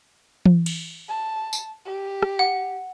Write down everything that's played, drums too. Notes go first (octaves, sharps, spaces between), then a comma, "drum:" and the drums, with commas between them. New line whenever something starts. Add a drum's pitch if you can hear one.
drum: tom E3
drum: cymbal
A5
drum: tambourine
G4
drum: rim click
F#5